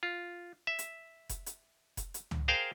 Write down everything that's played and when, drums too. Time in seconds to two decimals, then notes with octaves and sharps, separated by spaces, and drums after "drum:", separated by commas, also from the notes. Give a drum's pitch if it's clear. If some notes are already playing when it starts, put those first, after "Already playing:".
0.03 F4
0.67 E5
0.79 drum: hi-hat
1.29 drum: kick F1, hi-hat
1.46 drum: hi-hat
1.97 drum: kick F1, hi-hat
2.14 drum: hi-hat
2.31 drum: tom
2.48 G#4 A#4 C5 F5 G5